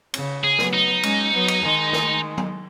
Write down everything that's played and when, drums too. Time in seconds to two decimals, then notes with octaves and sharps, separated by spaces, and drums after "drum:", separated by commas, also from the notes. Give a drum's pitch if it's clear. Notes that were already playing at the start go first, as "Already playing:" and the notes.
0.14 C#3, drum: cymbal
0.44 G#4
0.59 F#3 B3, drum: snare
0.74 D#4
1.03 G#3 C#4, drum: cymbal
1.34 F#3 B3
1.48 drum: cymbal
1.63 D#3 G#3
1.93 drum: snare
2.38 drum: tom F#3